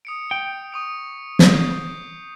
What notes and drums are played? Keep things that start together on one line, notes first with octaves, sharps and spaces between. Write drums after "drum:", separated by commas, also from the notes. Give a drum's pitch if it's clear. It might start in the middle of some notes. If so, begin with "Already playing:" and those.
D#6 C#7 D7
G5
C#6 D#6 D7
drum: snare
G6 C7